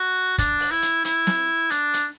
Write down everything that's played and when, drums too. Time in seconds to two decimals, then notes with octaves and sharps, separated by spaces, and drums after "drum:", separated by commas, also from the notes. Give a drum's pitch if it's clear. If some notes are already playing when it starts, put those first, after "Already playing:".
Already playing: F#4
0.38 D4, drum: kick, hi-hat
0.60 drum: open hi-hat
0.71 E4
0.82 drum: hi-hat
1.05 E4, drum: hi-hat
1.27 drum: snare
1.71 D4, drum: hi-hat
1.94 drum: hi-hat